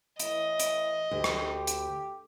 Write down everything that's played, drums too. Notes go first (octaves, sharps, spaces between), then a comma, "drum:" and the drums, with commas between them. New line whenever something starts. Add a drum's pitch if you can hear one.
A2 E3 D#5, drum: hi-hat
drum: hi-hat
D2 G4
drum: rim click
drum: hi-hat